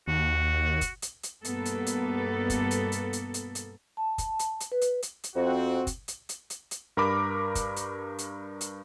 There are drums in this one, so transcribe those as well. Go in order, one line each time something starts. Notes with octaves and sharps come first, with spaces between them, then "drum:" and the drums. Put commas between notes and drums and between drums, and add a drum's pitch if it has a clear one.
D#2 F#4
drum: kick, hi-hat
drum: hi-hat
drum: hi-hat
G2 B2 A#3 B3 A4, drum: hi-hat
drum: hi-hat
drum: hi-hat
drum: kick, hi-hat
drum: hi-hat
drum: hi-hat
drum: hi-hat
drum: hi-hat
drum: hi-hat
A5
drum: kick, hi-hat
drum: hi-hat
drum: hi-hat
B4
drum: hi-hat
drum: hi-hat
drum: hi-hat
F2 C4 F#4
drum: kick, hi-hat
drum: hi-hat
drum: hi-hat
drum: hi-hat
drum: hi-hat
G2 A#4 B5 D6
drum: kick, hi-hat
drum: hi-hat
drum: hi-hat
drum: hi-hat